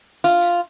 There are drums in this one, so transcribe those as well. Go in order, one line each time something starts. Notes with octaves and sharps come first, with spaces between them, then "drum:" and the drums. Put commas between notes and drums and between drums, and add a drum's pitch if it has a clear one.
F4, drum: tambourine
drum: tambourine